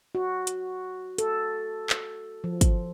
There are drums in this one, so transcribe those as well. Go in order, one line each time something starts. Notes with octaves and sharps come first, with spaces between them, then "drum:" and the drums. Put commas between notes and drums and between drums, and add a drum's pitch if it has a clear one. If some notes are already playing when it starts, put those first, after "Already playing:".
F#4
drum: hi-hat
A4, drum: hi-hat
drum: clap
F3
drum: kick, hi-hat